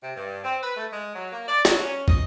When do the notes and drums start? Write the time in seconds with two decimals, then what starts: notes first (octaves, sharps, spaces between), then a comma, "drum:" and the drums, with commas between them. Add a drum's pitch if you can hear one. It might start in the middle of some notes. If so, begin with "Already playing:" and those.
0.02 C3
0.17 G2
0.44 C4
0.62 B4
0.76 A3
0.92 G#3
1.15 F#3
1.32 A#3
1.47 D5
1.65 F#3, drum: snare
1.84 C#4
2.08 D#5, drum: kick